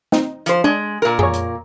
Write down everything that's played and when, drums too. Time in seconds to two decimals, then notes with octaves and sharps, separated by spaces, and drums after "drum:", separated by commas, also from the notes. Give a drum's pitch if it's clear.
0.12 C4 D#4, drum: snare
0.46 F3 C5, drum: hi-hat
0.64 G#3 D4
1.02 A#2 A#4
1.19 G#4 C#5, drum: tom F2
1.34 drum: hi-hat